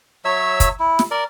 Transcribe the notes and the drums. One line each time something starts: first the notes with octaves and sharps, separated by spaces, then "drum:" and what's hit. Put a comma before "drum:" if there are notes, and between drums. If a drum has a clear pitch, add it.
F#3 C#5 E5 E6
drum: kick, hi-hat
E4
drum: snare
A#4 D5